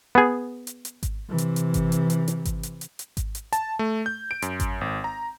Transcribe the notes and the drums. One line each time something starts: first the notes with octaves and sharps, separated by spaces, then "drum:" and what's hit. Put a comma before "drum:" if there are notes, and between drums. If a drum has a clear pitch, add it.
B3 G#4
drum: hi-hat
drum: hi-hat
drum: kick G#1, hi-hat
C3 E3
drum: hi-hat
drum: hi-hat
drum: kick G#1, hi-hat
drum: hi-hat
drum: hi-hat
drum: hi-hat
drum: kick G#1, hi-hat
drum: hi-hat
drum: hi-hat
drum: hi-hat
drum: kick G#1, hi-hat
drum: hi-hat
A5, drum: hi-hat
A3
G6
D7
F#2, drum: hi-hat
drum: kick G#1, hi-hat
G#1
A#5